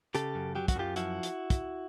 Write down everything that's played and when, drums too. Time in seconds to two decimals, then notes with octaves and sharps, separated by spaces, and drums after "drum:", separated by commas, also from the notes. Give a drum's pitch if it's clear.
0.15 C#3 G4 A4, drum: hi-hat
0.35 F#2
0.55 F#3 G4
0.68 F#4, drum: kick, hi-hat
0.76 F#2 F4 G4
0.96 F3 E4 F#4, drum: hi-hat
1.23 drum: hi-hat
1.50 drum: kick, hi-hat